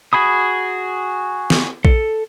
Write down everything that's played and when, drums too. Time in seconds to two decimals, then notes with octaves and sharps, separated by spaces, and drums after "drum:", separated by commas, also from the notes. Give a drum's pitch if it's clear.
0.13 F#4 G#4 B5 D#6
1.50 drum: snare
1.85 A4, drum: kick A#1